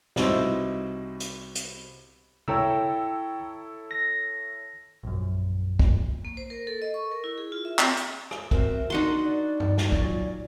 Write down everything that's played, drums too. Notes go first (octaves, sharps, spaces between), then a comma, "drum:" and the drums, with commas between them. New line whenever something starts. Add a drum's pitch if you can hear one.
C2 B2 D#4 E4 C5, drum: snare
drum: hi-hat
drum: hi-hat
E4 A4 C#5 G5 A#5 E6, drum: tom
A#6
A#1 F#2
drum: kick
A#3
C5
A#4
A4
D#5
C#6
A#4
E4
G#4
F4
E5
C4, drum: clap
drum: hi-hat
drum: rim click
C4 F#4 A#4 E5, drum: kick
D4 D#4 F#4 F#5 C6
D5
drum: tom G2
drum: snare
A#2 F#3, drum: kick